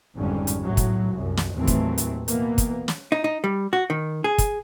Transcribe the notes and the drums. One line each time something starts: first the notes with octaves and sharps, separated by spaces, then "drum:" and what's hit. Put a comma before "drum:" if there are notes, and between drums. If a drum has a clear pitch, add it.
G#1 F2 G#2 D3 G3 C#4
drum: hi-hat
B1 A2 F#3
drum: kick, hi-hat
C2 F#2
drum: snare
D#2 A2 E3 F#3 A3 C4
drum: kick, hi-hat
drum: hi-hat
B2 E3 A#3 B3, drum: hi-hat
drum: kick, hi-hat
drum: snare
D#4
D#4
G3
F#4
D#3
G#4
drum: kick, hi-hat